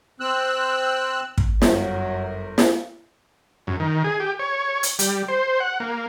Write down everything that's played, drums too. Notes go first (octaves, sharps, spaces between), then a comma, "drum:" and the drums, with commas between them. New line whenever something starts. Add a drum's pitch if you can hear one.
C4 E6 F#6
drum: kick
G1 F#2 F#3 A#4, drum: snare
drum: snare
F#2
D#3
G#4
G4
C#5
drum: hi-hat
G3, drum: hi-hat
C5
F#5
A#3